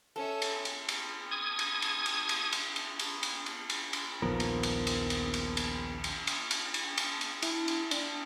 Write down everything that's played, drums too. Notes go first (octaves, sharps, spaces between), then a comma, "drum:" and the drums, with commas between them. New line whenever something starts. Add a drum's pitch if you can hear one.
C#4 A4 E5
drum: cymbal
drum: cymbal
drum: cymbal
D#6 G#6
drum: cymbal
drum: cymbal
drum: cymbal
drum: cymbal
drum: cymbal
drum: cymbal
drum: cymbal
drum: cymbal
drum: cymbal
drum: cymbal
drum: cymbal
A#1 D#2 F3 B3 A#4
drum: cymbal
drum: cymbal
drum: cymbal
drum: cymbal
drum: cymbal
drum: cymbal
drum: cymbal
drum: cymbal
drum: cymbal
drum: cymbal
drum: cymbal
drum: cymbal
E4, drum: cymbal
drum: cymbal
D4, drum: cymbal